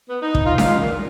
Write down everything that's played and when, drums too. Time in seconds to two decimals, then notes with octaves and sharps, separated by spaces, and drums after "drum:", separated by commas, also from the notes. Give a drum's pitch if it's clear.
0.09 B3
0.22 D#4
0.35 drum: kick
0.46 F4
0.58 F5, drum: snare C#4
0.79 A#2